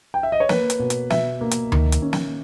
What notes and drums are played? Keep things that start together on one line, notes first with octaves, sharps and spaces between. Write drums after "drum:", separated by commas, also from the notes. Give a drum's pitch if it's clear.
G5
E5
D#5
C#5
A#3 B4, drum: snare
drum: hi-hat
B2
drum: hi-hat
B2 E5, drum: snare
A#3
drum: hi-hat
D#3, drum: tom D2
drum: hi-hat
C#4
drum: snare